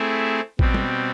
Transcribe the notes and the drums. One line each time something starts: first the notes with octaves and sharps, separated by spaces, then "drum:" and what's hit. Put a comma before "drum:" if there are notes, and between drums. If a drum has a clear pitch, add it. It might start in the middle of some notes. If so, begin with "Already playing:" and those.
Already playing: A3 C4 E4 G#4
B2 G3 C4, drum: kick A1
drum: tom